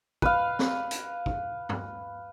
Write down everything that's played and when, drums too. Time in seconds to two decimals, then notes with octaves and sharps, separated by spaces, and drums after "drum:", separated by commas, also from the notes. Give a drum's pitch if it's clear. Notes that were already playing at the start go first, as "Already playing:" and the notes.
0.22 B4 F5, drum: kick
0.59 drum: snare
0.91 drum: hi-hat
1.26 drum: kick
1.69 drum: tom G2